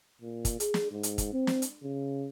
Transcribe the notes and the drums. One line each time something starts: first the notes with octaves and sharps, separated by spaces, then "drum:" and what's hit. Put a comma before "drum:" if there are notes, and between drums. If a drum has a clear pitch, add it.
A#2
drum: kick, hi-hat
G#4, drum: hi-hat
drum: snare
G#2
drum: hi-hat
drum: kick, hi-hat
C4
drum: snare
drum: hi-hat
C#3